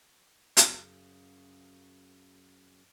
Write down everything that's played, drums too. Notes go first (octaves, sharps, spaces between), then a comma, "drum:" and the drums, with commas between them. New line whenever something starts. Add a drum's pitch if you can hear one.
F#2 C#3, drum: hi-hat